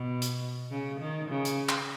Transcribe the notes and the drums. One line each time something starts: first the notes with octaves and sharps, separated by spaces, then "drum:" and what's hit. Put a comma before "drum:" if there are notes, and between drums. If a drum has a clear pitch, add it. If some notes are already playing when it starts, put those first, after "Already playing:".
Already playing: B2
drum: hi-hat
C#3
D#3
C#3
drum: hi-hat
drum: clap